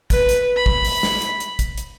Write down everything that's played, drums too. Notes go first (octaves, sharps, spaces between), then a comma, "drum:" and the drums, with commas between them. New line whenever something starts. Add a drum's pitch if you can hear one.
B4, drum: kick, hi-hat
drum: hi-hat
B5
drum: kick
drum: open hi-hat
drum: snare
drum: hi-hat
drum: hi-hat
drum: kick, hi-hat
drum: hi-hat